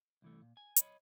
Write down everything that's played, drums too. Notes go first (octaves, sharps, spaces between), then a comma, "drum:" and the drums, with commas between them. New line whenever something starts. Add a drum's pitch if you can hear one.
C2 E3 A3
A#2
G#5
C#5 D#5 B5, drum: hi-hat